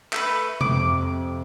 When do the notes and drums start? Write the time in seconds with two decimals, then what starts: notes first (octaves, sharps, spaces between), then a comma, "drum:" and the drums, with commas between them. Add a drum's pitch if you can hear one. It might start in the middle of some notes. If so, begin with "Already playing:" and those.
0.13 A3 B4, drum: clap
0.61 F2 C3 D6, drum: tom